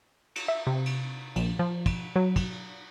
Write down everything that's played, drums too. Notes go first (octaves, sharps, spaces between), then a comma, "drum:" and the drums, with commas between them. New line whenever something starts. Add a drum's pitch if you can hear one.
drum: cymbal
E5
C3
drum: cymbal
A#1, drum: cymbal
F3
drum: kick, cymbal
F#3
drum: kick, cymbal